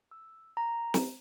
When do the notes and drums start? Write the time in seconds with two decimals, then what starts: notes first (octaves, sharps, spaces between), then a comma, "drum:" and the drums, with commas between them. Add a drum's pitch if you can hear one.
0.11 E6
0.57 A#5
0.94 drum: snare